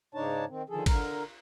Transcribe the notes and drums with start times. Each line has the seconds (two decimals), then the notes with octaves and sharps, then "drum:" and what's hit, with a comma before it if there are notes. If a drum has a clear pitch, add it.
0.15 G#2 C#3 D4 D#4 C#5 A5
0.49 D#3 C4
0.69 D3 D#3 F3 G#4 A4
0.86 D3 A#4, drum: kick G#1, cymbal